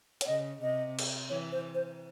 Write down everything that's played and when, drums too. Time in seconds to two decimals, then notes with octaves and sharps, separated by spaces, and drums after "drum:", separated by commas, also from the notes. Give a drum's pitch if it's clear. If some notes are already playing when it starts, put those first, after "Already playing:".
0.21 C#5, drum: hi-hat
0.27 C#3 D#5
0.61 C3 D#5
0.99 drum: cymbal
1.29 E3 C#5
1.52 C5
1.75 C5